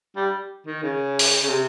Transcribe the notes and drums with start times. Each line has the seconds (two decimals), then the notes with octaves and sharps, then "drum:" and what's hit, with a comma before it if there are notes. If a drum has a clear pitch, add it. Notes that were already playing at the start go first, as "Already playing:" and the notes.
0.16 G3
0.67 D#3
0.83 C#3
1.19 drum: open hi-hat
1.43 C#3
1.48 C3